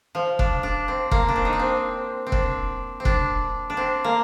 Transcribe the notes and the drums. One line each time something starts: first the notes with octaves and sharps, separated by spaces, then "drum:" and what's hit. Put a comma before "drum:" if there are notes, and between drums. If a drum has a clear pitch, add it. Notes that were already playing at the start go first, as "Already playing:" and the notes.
F3
D4, drum: kick
D4
C4
A#3, drum: kick
D4
C4
D#4
D4
C4
C4
D4, drum: kick
C4
D4, drum: kick
D4
C4
A#3